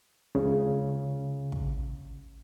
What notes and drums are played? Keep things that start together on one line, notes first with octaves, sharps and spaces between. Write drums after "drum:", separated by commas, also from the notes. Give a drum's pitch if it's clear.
C#2 C#3
drum: kick